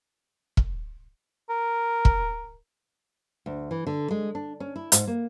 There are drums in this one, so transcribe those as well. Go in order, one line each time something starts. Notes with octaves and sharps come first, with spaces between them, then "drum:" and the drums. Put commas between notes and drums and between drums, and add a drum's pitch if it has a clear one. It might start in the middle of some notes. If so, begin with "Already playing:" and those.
drum: kick
A#4
drum: kick
D2
E3
D3
G#3
D4
C#4
E4
G#2, drum: hi-hat
A#3